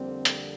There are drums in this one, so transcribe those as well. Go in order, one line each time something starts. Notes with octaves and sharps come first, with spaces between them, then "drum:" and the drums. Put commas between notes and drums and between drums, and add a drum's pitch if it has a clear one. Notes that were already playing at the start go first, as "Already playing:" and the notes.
Already playing: F2 D3 G3 A#3 C4
drum: hi-hat